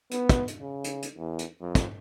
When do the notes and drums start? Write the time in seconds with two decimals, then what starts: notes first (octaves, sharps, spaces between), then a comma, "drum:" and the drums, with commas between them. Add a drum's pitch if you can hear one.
0.11 B3, drum: hi-hat
0.29 drum: kick, hi-hat
0.48 drum: hi-hat
0.60 C#3
0.84 drum: hi-hat
1.02 drum: hi-hat
1.17 E2
1.39 drum: hi-hat
1.61 F2
1.75 drum: kick, hi-hat